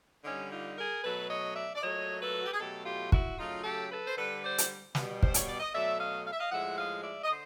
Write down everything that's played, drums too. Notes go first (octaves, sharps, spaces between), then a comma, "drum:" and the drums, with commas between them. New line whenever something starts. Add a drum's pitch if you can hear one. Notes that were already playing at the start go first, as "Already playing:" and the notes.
D3 G3 C#4 D#4
D#4 F4
G#4 A#4
B2 F#3 A3 A4 B4
C#5 D#5
D5 E5
D5
A#2 F#3 A3 C#5 D#5
A4 B4
F#4
G4
G#4
B2 F#3 A3 G4 A4
F4 G4
E4 F#4, drum: kick
C#3 F#3 A3 D#4 F4
G4 A4
A4 B4
C5
D3 G3 A4 B4
C5 D5
drum: hi-hat
B2 G3, drum: snare
C5, drum: kick
C#5, drum: hi-hat
D5
D#5
B2 F#3 A3 D5 E5
D#5 F5
F5
E5
D#5 F5
A2 F3 G#3 E5 F#5
D#5 F5
D5 E5
D#5
D3 C5